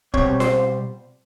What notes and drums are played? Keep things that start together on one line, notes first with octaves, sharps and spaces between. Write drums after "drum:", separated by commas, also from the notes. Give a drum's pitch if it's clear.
B2 G3 C4 C#5, drum: kick
C5, drum: snare F4